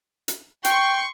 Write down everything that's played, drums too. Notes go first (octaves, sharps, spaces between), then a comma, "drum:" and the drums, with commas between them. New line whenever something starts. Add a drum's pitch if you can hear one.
drum: hi-hat
G5 C6 C#6, drum: hi-hat